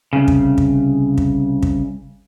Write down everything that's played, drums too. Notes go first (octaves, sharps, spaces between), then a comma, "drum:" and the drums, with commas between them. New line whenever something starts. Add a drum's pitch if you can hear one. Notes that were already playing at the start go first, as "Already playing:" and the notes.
C2 C#3
drum: kick
drum: kick
drum: kick
drum: kick